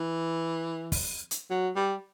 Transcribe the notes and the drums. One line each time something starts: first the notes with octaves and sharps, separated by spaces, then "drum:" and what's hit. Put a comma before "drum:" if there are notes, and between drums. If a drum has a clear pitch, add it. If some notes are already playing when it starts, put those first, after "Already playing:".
Already playing: E3
drum: kick, open hi-hat
drum: hi-hat
F#3
G3